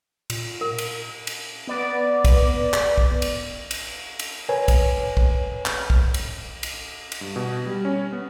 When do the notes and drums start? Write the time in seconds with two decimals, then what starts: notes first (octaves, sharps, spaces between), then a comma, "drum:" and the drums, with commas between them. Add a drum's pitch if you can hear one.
0.30 A#2, drum: cymbal
0.61 A#4
0.78 drum: cymbal
1.27 drum: cymbal
1.67 B3 D5
2.25 drum: kick B1, cymbal
2.73 drum: clap
2.98 drum: kick B1
3.22 drum: cymbal
3.71 drum: cymbal
4.19 drum: cymbal
4.49 A#4 B4 C#5 G#5
4.68 drum: kick B1, cymbal
5.17 drum: kick B1
5.66 drum: clap
5.90 drum: kick B1
6.14 drum: cymbal
6.63 drum: cymbal
7.12 drum: cymbal
7.21 G2
7.36 B2
7.66 G3
7.85 C#4
8.13 B3